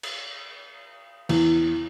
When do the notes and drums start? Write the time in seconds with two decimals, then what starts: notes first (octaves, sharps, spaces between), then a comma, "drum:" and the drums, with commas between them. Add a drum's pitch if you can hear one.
0.03 drum: cymbal
1.29 E2, drum: cymbal